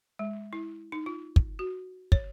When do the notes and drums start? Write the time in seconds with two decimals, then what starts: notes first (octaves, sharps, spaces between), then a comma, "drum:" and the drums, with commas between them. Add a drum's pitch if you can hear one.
0.19 G#3
0.53 E4
0.92 D#4
1.06 F4
1.36 drum: kick
1.59 F#4
2.12 C#5, drum: kick